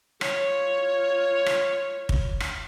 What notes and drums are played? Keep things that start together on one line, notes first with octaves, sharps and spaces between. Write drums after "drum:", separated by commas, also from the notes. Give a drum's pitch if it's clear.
F4 C#5, drum: rim click
drum: rim click
drum: kick
drum: rim click